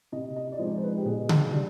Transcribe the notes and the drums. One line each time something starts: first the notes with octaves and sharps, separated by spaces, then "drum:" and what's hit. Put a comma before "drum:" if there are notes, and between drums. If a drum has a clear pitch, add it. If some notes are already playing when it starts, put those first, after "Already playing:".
C3 D#5
D#5
D5
F3 G#3 C4 D#4 C5
C5
B4
G4
B2 G#4
drum: tom C#3
G3 D4